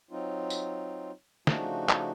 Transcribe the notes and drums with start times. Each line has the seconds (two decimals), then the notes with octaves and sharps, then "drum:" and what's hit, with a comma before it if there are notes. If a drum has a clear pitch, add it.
0.11 F#3 C4 D#4 F4
0.50 drum: tambourine
1.47 C#3 F3 A3 D4 D#4 F#4, drum: snare
1.89 drum: clap